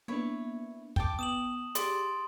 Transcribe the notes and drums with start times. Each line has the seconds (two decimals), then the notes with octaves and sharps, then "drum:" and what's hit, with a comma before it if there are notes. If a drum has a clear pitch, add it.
0.08 A#3 B3 D4 E4 C#5
0.96 G5 A5 D6, drum: kick
1.19 B3 D#6 E7 F#7
1.75 G4 G#4 D5 C6, drum: hi-hat